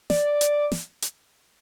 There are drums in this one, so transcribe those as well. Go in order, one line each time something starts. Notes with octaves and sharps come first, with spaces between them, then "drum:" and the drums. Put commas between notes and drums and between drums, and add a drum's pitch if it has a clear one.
D5, drum: snare
drum: hi-hat
drum: snare
drum: hi-hat